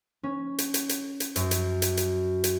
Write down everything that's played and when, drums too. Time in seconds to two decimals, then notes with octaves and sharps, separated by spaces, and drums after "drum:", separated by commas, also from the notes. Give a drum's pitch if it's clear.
0.23 C#4
0.58 drum: hi-hat
0.74 drum: hi-hat
0.89 drum: hi-hat
1.20 drum: hi-hat
1.36 F#2, drum: hi-hat
1.51 drum: hi-hat
1.82 drum: hi-hat
1.97 drum: hi-hat
2.44 drum: hi-hat